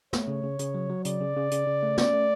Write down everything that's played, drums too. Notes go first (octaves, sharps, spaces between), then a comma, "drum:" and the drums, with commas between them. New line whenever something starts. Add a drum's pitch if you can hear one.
A3 C#5, drum: snare
C#3
C#3
C#3, drum: hi-hat
F#3
F#3
C#3 D5, drum: hi-hat
C#3
C#3
C#3, drum: hi-hat
C#3
A3
C#4 D5, drum: snare
A3